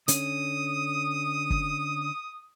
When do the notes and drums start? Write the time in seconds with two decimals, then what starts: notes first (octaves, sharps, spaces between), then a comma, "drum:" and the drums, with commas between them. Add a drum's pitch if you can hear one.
0.08 D3 C#4 D#6, drum: hi-hat
1.50 drum: kick